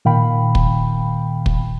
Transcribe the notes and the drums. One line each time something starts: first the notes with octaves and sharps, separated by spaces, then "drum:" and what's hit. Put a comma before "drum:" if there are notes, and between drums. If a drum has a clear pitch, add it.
A#2 D#3 F5 G5 B5
drum: kick
drum: kick